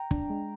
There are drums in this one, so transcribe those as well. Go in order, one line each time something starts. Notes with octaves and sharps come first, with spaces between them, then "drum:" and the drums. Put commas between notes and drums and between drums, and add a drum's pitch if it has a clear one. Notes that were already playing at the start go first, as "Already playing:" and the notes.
Already playing: G5 A#5
D4, drum: kick
G#3